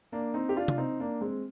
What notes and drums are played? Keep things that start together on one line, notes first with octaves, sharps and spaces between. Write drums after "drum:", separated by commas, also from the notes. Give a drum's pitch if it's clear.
A#3 D4
C4 D#4
G4
D4 F4
drum: tom C3
C4 D#4
A#3 D4
G#3 C4